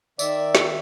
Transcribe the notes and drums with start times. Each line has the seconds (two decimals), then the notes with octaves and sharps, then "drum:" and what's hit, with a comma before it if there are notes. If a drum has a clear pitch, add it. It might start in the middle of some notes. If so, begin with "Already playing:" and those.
0.19 D#3 D5 E5, drum: tambourine
0.55 drum: snare